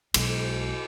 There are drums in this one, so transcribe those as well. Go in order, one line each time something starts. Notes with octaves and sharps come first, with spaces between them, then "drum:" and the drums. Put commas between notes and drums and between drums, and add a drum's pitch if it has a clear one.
B1 G#3, drum: cymbal